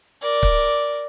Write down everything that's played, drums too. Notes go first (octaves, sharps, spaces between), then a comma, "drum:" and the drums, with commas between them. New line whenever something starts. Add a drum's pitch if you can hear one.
A#4 D5
drum: kick C#1